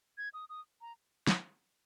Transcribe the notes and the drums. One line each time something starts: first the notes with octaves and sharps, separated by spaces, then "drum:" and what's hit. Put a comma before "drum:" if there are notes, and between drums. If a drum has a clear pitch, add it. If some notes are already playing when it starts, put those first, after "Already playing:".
G#6
D#6
D#6
A#5
drum: snare